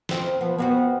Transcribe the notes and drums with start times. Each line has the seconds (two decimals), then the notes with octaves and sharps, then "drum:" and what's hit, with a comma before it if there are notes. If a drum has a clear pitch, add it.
0.09 F2 C4, drum: snare
0.41 F3 B3
0.58 F2 B3 C4 F#4